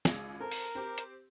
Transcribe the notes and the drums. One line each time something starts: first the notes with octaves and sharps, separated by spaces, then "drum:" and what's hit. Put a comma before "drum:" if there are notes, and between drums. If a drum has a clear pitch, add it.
G#1 C#2 G#3, drum: snare
C4 A4 A#4
drum: open hi-hat
C4 G4
drum: hi-hat